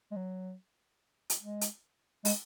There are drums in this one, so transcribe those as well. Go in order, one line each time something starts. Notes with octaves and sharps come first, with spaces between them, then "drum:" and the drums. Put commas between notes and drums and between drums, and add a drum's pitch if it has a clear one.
G#3
F#3
drum: hi-hat
G#3
drum: hi-hat
G#3, drum: open hi-hat